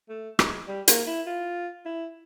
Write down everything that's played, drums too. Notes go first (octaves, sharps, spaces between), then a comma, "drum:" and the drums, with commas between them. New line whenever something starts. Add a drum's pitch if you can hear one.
A3
G#3, drum: rim click
G3
A#3, drum: hi-hat
E4
F4
E4